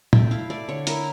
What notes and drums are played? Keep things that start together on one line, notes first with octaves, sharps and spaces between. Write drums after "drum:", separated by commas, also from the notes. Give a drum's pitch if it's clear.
A3 G5, drum: tom
E4 F5
A3 D5
D3 C#5
E4 A#4, drum: hi-hat